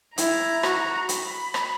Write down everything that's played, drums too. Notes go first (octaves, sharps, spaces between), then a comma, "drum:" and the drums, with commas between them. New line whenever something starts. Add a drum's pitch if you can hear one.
E4 A#5, drum: hi-hat
F#4, drum: rim click
B5, drum: hi-hat
drum: rim click